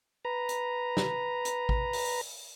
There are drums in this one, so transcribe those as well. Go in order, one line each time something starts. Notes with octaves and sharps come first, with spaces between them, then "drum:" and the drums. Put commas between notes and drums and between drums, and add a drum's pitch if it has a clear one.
B4 A#5
drum: hi-hat
drum: snare
drum: hi-hat
drum: kick A1
drum: open hi-hat